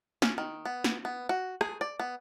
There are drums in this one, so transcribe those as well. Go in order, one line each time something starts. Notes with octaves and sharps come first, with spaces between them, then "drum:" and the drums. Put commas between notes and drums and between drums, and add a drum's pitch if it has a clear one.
C#4, drum: snare
D#3
B3
drum: snare
B3
F#4
G#4, drum: rim click
D5
B3